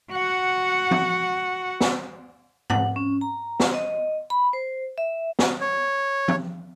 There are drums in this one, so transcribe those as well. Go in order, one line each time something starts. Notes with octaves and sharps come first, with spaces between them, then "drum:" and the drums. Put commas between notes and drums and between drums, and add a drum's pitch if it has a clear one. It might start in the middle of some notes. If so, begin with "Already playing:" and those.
F#4 F#5
drum: tom F3
drum: snare
F#5, drum: tom G#2
C#4
A#5
drum: snare
D#5
B5
C5
E5
drum: snare
C#5
drum: tom F3